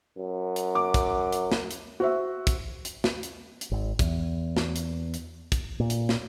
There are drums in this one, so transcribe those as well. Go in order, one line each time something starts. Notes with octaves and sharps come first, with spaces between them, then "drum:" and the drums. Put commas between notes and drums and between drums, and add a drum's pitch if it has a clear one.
F#2
drum: hi-hat
D6
drum: kick, hi-hat
drum: hi-hat
drum: snare
drum: hi-hat
F#4 C5 E5
drum: kick, hi-hat
drum: hi-hat
drum: snare
drum: hi-hat
drum: hi-hat
G#1
E2, drum: kick, hi-hat
drum: snare
drum: hi-hat
drum: hi-hat
drum: kick, hi-hat
A#2
drum: hi-hat
drum: snare